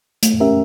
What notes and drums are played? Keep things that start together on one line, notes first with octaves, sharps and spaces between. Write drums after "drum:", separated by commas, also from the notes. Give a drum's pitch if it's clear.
A3, drum: hi-hat
C#4 G4 A#4 E5